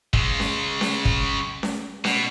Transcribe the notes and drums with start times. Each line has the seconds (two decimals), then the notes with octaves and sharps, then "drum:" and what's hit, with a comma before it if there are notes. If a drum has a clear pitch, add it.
0.13 C#3 G#3, drum: kick
0.40 drum: snare C#4
0.81 drum: snare C#4
1.05 drum: kick
1.63 drum: snare C#4
2.05 B2, drum: snare C#4